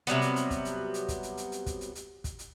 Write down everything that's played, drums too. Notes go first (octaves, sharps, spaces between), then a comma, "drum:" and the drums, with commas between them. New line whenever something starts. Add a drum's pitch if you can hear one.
C3 F#3 G3 B3, drum: hi-hat
drum: hi-hat
drum: hi-hat
drum: kick, hi-hat
drum: hi-hat
drum: hi-hat
drum: kick, hi-hat
drum: hi-hat
drum: hi-hat
drum: hi-hat
drum: kick, hi-hat
drum: hi-hat
drum: hi-hat
drum: kick, hi-hat
drum: hi-hat